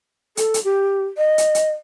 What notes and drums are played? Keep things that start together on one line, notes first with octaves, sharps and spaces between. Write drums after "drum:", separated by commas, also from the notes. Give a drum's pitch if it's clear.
A4, drum: hi-hat
drum: hi-hat
G4
D#5
drum: hi-hat
drum: hi-hat